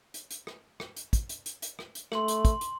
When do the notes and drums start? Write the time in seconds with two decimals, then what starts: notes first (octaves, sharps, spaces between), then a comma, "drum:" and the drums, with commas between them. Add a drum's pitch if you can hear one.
0.14 drum: hi-hat
0.31 drum: hi-hat
0.47 drum: rim click
0.80 drum: rim click
0.96 drum: hi-hat
1.13 drum: kick, hi-hat
1.29 drum: hi-hat
1.46 drum: hi-hat
1.62 drum: hi-hat
1.79 drum: rim click
1.95 drum: hi-hat
2.12 A3 C6 F#7, drum: rim click
2.28 drum: hi-hat
2.45 drum: kick, hi-hat
2.61 drum: hi-hat